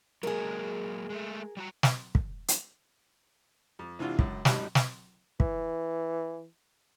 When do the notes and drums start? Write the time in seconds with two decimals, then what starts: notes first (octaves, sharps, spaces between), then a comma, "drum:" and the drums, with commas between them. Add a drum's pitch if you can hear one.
0.23 F#3 G#3 A#3 G#4 A#4
1.10 G#3 A3
1.57 G3 F#4 A#5
1.83 drum: snare
2.15 drum: kick
2.48 drum: hi-hat
3.79 F2
3.99 C3 E3 D4 F4 F#4
4.19 C#2 F#2, drum: kick
4.45 G#1 F#2 G3 D#4 A5 F#6, drum: snare
4.75 drum: snare
5.40 E3, drum: kick